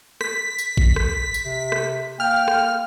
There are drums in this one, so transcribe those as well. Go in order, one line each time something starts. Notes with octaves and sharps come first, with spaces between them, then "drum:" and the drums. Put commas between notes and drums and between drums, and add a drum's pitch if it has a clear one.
B6, drum: rim click
drum: tambourine
drum: kick A1
drum: rim click
drum: tambourine
C3
drum: rim click
A#3 G5 F6
drum: rim click